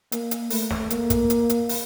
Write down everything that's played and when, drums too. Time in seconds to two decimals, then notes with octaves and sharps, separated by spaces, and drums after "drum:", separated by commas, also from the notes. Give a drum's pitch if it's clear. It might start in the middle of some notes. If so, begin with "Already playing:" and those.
0.12 A#3, drum: hi-hat
0.31 drum: hi-hat
0.50 A3, drum: open hi-hat
0.71 drum: snare
0.90 A#3, drum: hi-hat
1.10 drum: kick, hi-hat
1.30 drum: hi-hat
1.50 drum: hi-hat
1.69 drum: open hi-hat